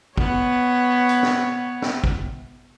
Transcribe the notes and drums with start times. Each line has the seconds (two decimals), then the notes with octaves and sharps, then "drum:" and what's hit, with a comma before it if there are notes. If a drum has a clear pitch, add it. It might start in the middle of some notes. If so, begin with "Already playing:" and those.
0.17 B3 C#5, drum: kick
1.09 drum: hi-hat
1.23 drum: snare
1.82 drum: snare
2.04 drum: kick